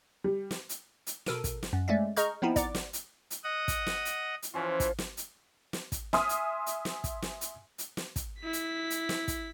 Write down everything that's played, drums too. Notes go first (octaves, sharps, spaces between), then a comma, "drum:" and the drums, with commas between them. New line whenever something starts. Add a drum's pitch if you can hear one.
G3
drum: snare
drum: hi-hat
drum: hi-hat
B2 A4 A#4 D7 D#7, drum: snare
drum: kick, hi-hat
drum: snare
F#2
G#3 A3 C#4 D5 E5
G#4 D#5 A#5 C#6 F6 G6, drum: hi-hat
F3 B3 C4 D#4 E4
D5 F#5 A#5 D6, drum: kick, hi-hat
drum: snare
drum: hi-hat
drum: hi-hat
D#5 F#5 D#6
drum: kick, hi-hat
drum: snare
drum: hi-hat
drum: hi-hat
E3 F3 C#4 F4
drum: kick, hi-hat
drum: snare
drum: hi-hat
drum: snare
drum: kick, hi-hat
E5 G#5 C6 D#6 F6, drum: snare
drum: hi-hat
drum: hi-hat
drum: snare
drum: kick, hi-hat
drum: snare
drum: hi-hat
drum: hi-hat
drum: snare
drum: kick, hi-hat
E4 B6
drum: hi-hat
drum: hi-hat
drum: snare
drum: kick, hi-hat